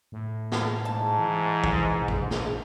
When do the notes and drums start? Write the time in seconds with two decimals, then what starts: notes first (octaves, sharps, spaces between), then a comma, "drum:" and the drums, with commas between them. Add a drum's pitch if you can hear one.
0.12 A2
0.52 drum: snare
0.85 G#2 A5
1.19 E3
1.64 drum: kick A1
1.93 A#1
2.08 drum: kick A1
2.31 drum: snare